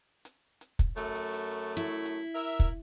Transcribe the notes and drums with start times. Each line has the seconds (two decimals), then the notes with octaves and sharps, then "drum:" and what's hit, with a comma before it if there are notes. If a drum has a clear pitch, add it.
0.25 drum: hi-hat
0.61 drum: hi-hat
0.79 drum: kick, hi-hat
0.97 F#2 A3, drum: hi-hat
1.15 drum: hi-hat
1.33 drum: hi-hat
1.51 drum: hi-hat
1.77 E4
2.05 drum: hi-hat
2.35 A#4 E5
2.60 drum: kick, hi-hat